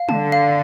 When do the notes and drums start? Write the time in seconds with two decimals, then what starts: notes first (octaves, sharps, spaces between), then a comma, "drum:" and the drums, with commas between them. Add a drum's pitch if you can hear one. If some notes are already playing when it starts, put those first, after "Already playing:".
Already playing: F5
0.09 D3 A5, drum: tom
0.32 F5